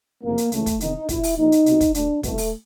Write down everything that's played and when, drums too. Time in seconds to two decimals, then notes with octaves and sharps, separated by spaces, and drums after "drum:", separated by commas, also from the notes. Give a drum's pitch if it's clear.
0.23 F#1 F2 C3 A#3
0.38 drum: hi-hat
0.52 C#2 C#3 E3 A3, drum: hi-hat
0.66 drum: kick, hi-hat
0.80 E2 C3 D#3 D#4, drum: hi-hat
1.09 A#1 A#2 E4, drum: kick, hi-hat
1.23 drum: open hi-hat
1.38 A#1 A#2 D#4
1.52 drum: hi-hat
1.66 C2 B2, drum: hi-hat
1.81 drum: kick, hi-hat
1.94 D2 D3 D4, drum: hi-hat
2.23 C2 B2 A3, drum: kick, hi-hat
2.38 drum: open hi-hat